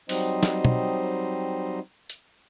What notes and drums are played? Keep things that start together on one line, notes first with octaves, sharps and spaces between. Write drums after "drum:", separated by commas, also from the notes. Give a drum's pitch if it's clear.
F#3 G3 C4 D#4 C5 D#5, drum: open hi-hat
drum: snare
drum: tom
drum: hi-hat